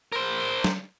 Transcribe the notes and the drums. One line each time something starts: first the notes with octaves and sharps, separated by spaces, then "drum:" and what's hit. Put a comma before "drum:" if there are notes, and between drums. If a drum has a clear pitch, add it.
A#4 C5
drum: snare F#3